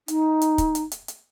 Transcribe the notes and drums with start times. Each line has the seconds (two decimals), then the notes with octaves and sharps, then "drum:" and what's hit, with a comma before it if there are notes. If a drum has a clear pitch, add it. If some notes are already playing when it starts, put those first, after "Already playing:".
0.08 D#4, drum: hi-hat
0.42 drum: hi-hat
0.58 drum: kick, hi-hat
0.75 drum: hi-hat
0.92 drum: hi-hat
1.08 drum: hi-hat